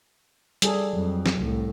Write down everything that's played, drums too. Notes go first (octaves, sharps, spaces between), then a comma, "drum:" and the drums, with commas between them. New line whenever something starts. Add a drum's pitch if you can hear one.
G3 G#4 A4, drum: hi-hat
F2 F#3
drum: snare
C2 A2